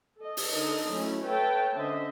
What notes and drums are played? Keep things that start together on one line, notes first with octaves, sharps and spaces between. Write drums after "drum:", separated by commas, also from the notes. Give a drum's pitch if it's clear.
A4 D#5
drum: open hi-hat
D3 D#4 A4 A#4 D#5
F#3 A3 C#4 E4
A4 B4 C#5 E5 G5 A5
D3 C#4 C5 D#5 E5